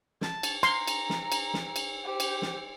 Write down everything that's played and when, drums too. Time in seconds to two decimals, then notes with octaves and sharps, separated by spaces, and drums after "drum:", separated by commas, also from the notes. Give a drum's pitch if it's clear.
0.21 A5, drum: snare
0.43 drum: cymbal
0.63 A#5 C6, drum: cymbal
0.87 drum: cymbal
1.10 drum: snare
1.32 drum: cymbal
1.54 drum: snare
1.76 drum: cymbal
2.04 G4 C5
2.20 drum: cymbal
2.42 drum: snare